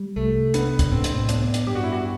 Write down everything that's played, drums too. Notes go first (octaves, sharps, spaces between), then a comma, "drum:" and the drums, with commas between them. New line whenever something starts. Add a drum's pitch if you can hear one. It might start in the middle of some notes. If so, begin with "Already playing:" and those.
Already playing: G3
C2 A3
B3 D4, drum: hi-hat
drum: kick C#2, hi-hat
A2 C4
drum: hi-hat
B3 D4, drum: hi-hat
drum: hi-hat
G2 G4
F#4
E4
F#4